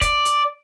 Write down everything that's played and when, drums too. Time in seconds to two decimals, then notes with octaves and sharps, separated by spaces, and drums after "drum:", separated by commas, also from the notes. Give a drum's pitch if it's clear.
0.01 D5, drum: kick, hi-hat
0.25 drum: hi-hat